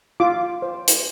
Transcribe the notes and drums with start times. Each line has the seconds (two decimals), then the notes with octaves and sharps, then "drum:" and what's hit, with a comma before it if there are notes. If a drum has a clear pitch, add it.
0.20 F4 D6
0.62 C5
0.88 drum: hi-hat